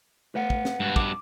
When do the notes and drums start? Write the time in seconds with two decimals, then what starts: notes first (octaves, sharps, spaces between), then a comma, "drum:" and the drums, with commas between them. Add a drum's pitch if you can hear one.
0.35 A3 B4 F5 F#5
0.50 drum: kick
0.65 drum: snare
0.80 G2 G#3 F#4
0.96 D6, drum: kick